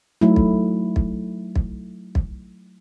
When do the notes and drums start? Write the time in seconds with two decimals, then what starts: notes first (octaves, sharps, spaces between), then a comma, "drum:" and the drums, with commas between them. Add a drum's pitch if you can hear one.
0.21 F#3 A3 D#4 E4
0.36 drum: kick
0.96 drum: kick
1.56 drum: kick
2.15 drum: kick